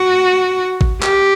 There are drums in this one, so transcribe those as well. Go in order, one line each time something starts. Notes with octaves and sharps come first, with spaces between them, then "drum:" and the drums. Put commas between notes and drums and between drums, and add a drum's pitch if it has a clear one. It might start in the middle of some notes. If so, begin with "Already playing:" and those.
Already playing: F#4
drum: kick G#1
G4, drum: clap